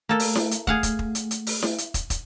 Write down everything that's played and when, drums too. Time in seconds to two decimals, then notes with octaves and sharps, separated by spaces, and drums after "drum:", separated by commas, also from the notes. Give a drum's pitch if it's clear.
0.09 A3 A#3 A4
0.20 drum: open hi-hat
0.35 drum: snare E4
0.51 drum: hi-hat
0.67 A3 G#4 F5 F#5, drum: kick
0.83 drum: kick, hi-hat
0.99 drum: kick
1.15 drum: hi-hat
1.31 drum: hi-hat
1.47 drum: open hi-hat
1.62 drum: snare E4
1.78 drum: hi-hat
1.94 drum: kick, hi-hat
2.10 drum: kick, hi-hat